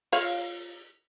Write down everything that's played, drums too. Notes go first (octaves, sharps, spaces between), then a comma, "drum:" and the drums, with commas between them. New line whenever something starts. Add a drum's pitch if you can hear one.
F4 C#5 F5, drum: open hi-hat